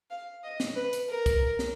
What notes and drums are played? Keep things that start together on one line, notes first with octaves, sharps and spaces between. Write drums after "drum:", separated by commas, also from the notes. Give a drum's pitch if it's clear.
F5
D#5
drum: snare
B4
drum: hi-hat
A#4
drum: kick C2, hi-hat
drum: snare